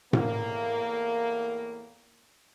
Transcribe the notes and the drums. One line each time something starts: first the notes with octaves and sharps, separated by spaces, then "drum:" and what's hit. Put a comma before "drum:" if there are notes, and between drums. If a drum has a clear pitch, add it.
E2 A2 A#3, drum: tom A2